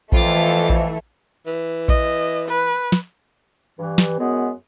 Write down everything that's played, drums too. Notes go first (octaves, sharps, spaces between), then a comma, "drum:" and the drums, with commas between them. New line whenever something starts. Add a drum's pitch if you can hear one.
F2 E3 F3 A3 F4 D6, drum: kick A#1
drum: kick A#1
E3
D#5, drum: kick A#1
B4
drum: snare
G2 E3
drum: snare
F#2 G#3 B3